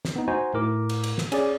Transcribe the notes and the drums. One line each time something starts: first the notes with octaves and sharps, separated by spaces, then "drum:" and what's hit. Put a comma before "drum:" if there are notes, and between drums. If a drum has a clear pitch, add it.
drum: snare
B3 D#4
D#4 F#4 C5 G#5
A2 A#4 D6
drum: cymbal
drum: cymbal
drum: snare
C#4 G#4 D5, drum: cymbal